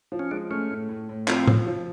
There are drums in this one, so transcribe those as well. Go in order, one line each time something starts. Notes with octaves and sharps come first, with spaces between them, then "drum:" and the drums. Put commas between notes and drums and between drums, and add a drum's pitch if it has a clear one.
F3
C#4
G#3 D4
A3 C#4
A2
A2
A2
F3 C4, drum: clap
F3, drum: tom A2
F3